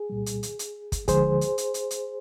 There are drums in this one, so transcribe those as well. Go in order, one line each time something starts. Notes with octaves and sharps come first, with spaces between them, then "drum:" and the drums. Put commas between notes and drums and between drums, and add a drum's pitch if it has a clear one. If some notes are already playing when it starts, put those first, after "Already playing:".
Already playing: G#4
C2 A#2 G3
drum: hi-hat
drum: hi-hat
drum: hi-hat
drum: kick, hi-hat
D2 D3 F3 G#3 G#4 C5, drum: kick, hi-hat
drum: hi-hat
drum: hi-hat
drum: hi-hat
drum: hi-hat